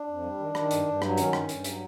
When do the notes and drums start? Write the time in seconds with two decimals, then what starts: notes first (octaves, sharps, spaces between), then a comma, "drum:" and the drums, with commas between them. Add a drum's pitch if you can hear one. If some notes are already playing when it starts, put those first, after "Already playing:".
Already playing: D4
0.08 F2
0.24 G3
0.39 D#3
0.55 D#3, drum: rim click
0.71 G2, drum: hi-hat
0.86 G2
1.02 F#3, drum: rim click
1.17 D#3 C#4, drum: hi-hat
1.33 G2, drum: rim click
1.49 G2, drum: hi-hat
1.64 F#3, drum: hi-hat